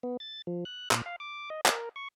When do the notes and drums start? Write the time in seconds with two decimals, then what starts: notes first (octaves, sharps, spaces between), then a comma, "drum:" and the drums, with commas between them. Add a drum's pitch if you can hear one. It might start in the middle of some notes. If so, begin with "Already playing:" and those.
0.03 B3
0.20 A6
0.47 F3
0.65 F#6
0.91 A#2, drum: clap
1.06 F5
1.20 D6
1.50 D#5
1.66 A#4, drum: clap
1.96 C#6